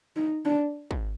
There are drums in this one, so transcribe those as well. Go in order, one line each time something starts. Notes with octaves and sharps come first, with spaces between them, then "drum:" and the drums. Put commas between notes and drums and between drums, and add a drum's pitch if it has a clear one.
D#4
D4
drum: kick